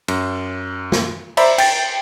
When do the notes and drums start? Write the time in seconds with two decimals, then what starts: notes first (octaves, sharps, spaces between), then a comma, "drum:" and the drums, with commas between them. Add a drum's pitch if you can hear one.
0.08 F#2, drum: cymbal
0.92 drum: snare
1.37 C5 D5 E5 A#5 B5, drum: cymbal
1.58 G5 A6, drum: cymbal